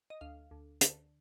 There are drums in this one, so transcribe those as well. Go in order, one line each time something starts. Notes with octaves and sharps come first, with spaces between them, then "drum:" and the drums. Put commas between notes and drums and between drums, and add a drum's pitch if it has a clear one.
D#5
D2 F5
D2
D3, drum: hi-hat